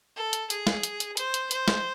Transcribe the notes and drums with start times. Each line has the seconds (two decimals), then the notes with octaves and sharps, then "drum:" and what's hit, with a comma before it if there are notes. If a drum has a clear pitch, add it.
0.16 A4
0.33 drum: hi-hat
0.50 G#4, drum: hi-hat
0.67 drum: snare
0.83 drum: hi-hat
1.00 drum: hi-hat
1.17 C5, drum: hi-hat
1.34 drum: hi-hat
1.51 C5, drum: hi-hat
1.68 drum: snare